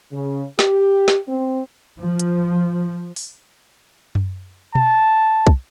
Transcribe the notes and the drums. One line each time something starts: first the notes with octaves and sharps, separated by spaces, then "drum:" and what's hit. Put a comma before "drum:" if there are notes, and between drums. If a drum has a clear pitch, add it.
C#3
G4, drum: snare
drum: snare
C4
F3
drum: hi-hat
drum: open hi-hat
drum: tom F#2
A5, drum: tom B2
drum: kick